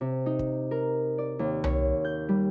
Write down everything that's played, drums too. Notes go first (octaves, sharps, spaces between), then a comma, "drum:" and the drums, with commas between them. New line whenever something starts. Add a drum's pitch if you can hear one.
C3
D#4
drum: kick
A#4
D5
D#2
C#5, drum: tom C2
G6
G3